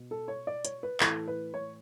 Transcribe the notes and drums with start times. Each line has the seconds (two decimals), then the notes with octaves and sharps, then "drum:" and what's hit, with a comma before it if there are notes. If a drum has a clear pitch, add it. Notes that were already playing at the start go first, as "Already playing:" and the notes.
Already playing: B2
0.11 A4
0.28 C#5
0.47 D5
0.65 C#5, drum: hi-hat
0.83 B4
1.00 A2 E3 A4, drum: clap
1.28 B4
1.54 C#5